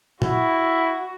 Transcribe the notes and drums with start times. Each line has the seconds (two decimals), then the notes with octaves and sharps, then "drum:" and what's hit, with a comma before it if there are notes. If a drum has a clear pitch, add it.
0.22 E4 F#4, drum: tom A#2